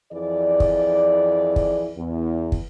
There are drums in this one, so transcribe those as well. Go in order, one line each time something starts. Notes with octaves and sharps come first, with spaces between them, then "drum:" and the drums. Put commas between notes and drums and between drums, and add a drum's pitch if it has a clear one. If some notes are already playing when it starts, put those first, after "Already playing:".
F2 E3 G#4 D5
drum: kick
drum: kick
E2
drum: kick